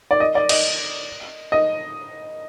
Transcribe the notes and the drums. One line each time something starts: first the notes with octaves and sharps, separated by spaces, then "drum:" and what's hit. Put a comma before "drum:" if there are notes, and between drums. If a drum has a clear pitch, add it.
D5
D#5
D5
D#5, drum: cymbal
D#5